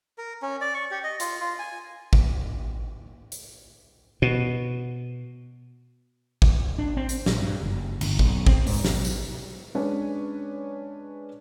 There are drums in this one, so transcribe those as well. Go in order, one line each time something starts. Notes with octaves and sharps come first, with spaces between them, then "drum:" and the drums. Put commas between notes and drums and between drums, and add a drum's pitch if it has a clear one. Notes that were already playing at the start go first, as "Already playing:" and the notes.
A#4
C#4
D5
C#6
G4
D#5
F4, drum: hi-hat
F4
G#5
drum: kick G#1
drum: hi-hat
B2
drum: kick G#1
D4
C4
drum: hi-hat
A#1, drum: snare
G2
F#1
G1, drum: cymbal
B1, drum: kick G#1
C4, drum: kick G#1
G#2, drum: open hi-hat
B1, drum: snare
drum: tambourine
G#3 C#4 D4 B4 C#5